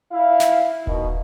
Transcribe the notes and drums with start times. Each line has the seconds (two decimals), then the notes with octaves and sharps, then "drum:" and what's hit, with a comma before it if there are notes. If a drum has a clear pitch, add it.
0.12 E4 F5
0.40 drum: snare
0.87 B2 D#3, drum: kick D#1